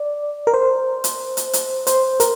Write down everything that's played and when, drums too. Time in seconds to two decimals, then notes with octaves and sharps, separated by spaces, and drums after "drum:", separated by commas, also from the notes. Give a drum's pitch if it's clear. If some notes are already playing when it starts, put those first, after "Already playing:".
Already playing: D5
0.47 A#4
0.54 C5
1.04 drum: hi-hat
1.37 drum: hi-hat
1.53 drum: hi-hat
1.87 C5, drum: hi-hat
2.20 A#4, drum: hi-hat